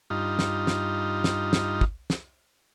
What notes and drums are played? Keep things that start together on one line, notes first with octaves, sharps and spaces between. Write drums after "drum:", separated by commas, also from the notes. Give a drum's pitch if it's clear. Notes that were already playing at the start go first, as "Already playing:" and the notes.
G2 D#4 F4
drum: snare
drum: snare
drum: snare
drum: snare
drum: kick
drum: snare